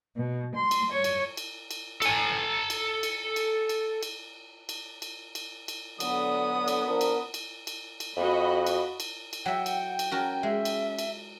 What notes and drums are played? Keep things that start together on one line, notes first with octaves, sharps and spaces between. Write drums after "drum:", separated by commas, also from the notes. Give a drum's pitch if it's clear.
B2
C6
drum: cymbal
C#5
drum: cymbal
drum: cymbal
drum: cymbal
A4 G#5, drum: cymbal
drum: cymbal
drum: cymbal
drum: cymbal
drum: cymbal
drum: cymbal
drum: cymbal
drum: cymbal
drum: cymbal
drum: cymbal
D3 F#3 B3 D#6, drum: cymbal
drum: cymbal
F3 D4 A#4
drum: cymbal
drum: cymbal
drum: cymbal
drum: cymbal
F2 F#4 D#5 B5
drum: cymbal
drum: cymbal
drum: cymbal
F#3 E5 F#5 G5
drum: cymbal
drum: cymbal
C#4 F#4 A#4 A5
G#3 E5
drum: cymbal
drum: cymbal